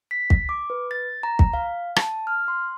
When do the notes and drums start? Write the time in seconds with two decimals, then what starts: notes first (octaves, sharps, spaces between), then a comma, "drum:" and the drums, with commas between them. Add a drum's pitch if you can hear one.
0.11 B6
0.30 drum: kick
0.49 D6
0.70 B4
0.91 A6
1.23 A#5
1.39 drum: kick
1.54 F5
1.96 A5, drum: rim click
2.27 F6
2.48 C6